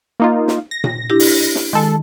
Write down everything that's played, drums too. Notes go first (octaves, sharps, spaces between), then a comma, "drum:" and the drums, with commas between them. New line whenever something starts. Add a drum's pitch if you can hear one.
A#3 D#4 F4
drum: snare
A#6
drum: tom A#2
D4 E4 G4
drum: open hi-hat
drum: snare
D#3 G#3 A4